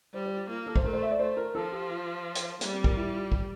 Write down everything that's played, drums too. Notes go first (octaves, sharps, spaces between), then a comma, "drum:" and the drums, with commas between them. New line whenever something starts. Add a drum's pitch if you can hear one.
G3 C5
C5
G4
A#3 F4
A4
C5, drum: kick
A3 A#4
C5
E5
D5
A3 C5
A#4
F3 A4
G4
F4
drum: hi-hat
G3 A#3, drum: hi-hat
C4
A#4, drum: kick
E4
F4
G4, drum: kick